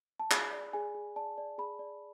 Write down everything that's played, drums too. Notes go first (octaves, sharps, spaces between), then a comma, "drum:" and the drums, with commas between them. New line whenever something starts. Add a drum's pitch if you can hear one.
A5
G#4 B5, drum: clap
D5
G#4 G#5
G#4
D5 A5
D5
G#4 B5
D5